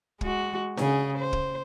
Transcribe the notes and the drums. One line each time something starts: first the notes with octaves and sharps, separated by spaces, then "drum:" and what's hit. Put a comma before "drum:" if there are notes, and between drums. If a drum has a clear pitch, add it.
G#3 F#4, drum: kick
C#3 G#4, drum: snare D4
C5
drum: kick